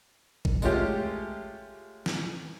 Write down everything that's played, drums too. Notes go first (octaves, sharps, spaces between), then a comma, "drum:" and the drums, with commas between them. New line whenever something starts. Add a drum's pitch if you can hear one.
drum: kick G#1
G#3 A3 C#4 F4 G4, drum: tambourine
drum: snare